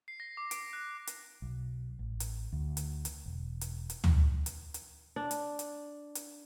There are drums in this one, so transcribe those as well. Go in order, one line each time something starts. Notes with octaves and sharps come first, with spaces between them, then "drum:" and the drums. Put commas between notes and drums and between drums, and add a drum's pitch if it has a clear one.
C7
A#6
D6
D7, drum: hi-hat
F#6
drum: hi-hat
B1
A1
drum: hi-hat
D2
drum: hi-hat
drum: hi-hat
E1
drum: hi-hat
drum: hi-hat
drum: tom D2
drum: hi-hat
drum: hi-hat
D4
drum: hi-hat
drum: hi-hat
drum: hi-hat